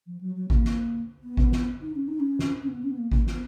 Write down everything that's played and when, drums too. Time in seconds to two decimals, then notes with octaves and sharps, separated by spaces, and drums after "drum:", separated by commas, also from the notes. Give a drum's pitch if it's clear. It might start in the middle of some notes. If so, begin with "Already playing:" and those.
0.07 F3
0.21 F#3
0.35 F#3
0.50 A#3, drum: kick G#1
0.65 drum: snare
1.23 B3
1.37 drum: kick G#1
1.52 drum: snare
1.82 D#4
1.95 C#4
2.08 D#4
2.20 C#4
2.39 drum: snare
2.63 C#4
2.68 B3
2.83 C#4
2.91 B3
2.97 A#3
3.12 A#3, drum: kick G#1
3.27 B3, drum: snare